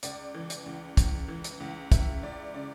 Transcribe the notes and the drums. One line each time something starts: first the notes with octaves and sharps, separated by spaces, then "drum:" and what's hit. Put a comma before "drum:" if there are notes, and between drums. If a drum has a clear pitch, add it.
C#2 D5, drum: hi-hat
E3
drum: hi-hat
C#2
C#2, drum: kick, hi-hat
E3
drum: hi-hat
C#2
C#2 E5, drum: kick, hi-hat
C#2 D5
C#3 D5